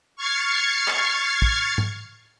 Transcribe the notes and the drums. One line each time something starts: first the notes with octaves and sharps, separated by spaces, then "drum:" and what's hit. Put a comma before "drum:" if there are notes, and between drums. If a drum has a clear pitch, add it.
C#6 F6 G#6 A6 C7 C#7
drum: clap
drum: kick
drum: tom G#2